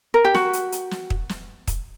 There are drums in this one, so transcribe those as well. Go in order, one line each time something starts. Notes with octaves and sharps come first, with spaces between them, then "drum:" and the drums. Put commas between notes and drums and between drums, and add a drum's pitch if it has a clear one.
A#4
G4
F#4, drum: snare
drum: hi-hat
drum: hi-hat
drum: snare
drum: kick
drum: snare
drum: kick, hi-hat